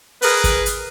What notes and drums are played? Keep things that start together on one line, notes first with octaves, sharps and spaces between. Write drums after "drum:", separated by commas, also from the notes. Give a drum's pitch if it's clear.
G#4 A#4 B4, drum: open hi-hat
drum: kick, hi-hat
drum: hi-hat